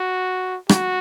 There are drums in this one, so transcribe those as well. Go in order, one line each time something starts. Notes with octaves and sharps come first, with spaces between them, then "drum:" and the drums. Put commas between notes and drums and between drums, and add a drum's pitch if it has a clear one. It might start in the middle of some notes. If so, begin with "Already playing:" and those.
Already playing: F#4
F#4, drum: rim click